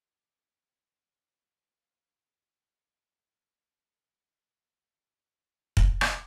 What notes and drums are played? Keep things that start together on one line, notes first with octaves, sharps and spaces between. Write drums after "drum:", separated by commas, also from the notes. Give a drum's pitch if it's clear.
D5
C4 G#4
D4 C5
B4 C5
C5 F5
D#3
C#5
G#3
G4
F#4
G#3
G2
A3
D3
A3
drum: kick
drum: rim click